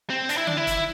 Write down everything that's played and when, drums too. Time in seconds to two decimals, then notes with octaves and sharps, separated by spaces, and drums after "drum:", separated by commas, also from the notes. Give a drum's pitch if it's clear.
0.10 C4
0.29 D4, drum: hi-hat
0.37 E4
0.47 D4, drum: tom D3
0.57 E4
0.67 drum: kick, hi-hat